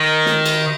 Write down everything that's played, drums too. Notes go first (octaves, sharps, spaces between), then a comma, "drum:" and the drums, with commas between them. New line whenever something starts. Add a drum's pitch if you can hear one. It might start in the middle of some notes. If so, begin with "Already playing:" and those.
Already playing: D#3
drum: snare
drum: cymbal